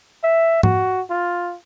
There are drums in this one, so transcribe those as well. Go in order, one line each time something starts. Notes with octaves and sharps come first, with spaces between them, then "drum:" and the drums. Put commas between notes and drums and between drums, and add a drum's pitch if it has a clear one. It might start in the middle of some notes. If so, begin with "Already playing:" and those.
E5
F#4, drum: tom G#2
F4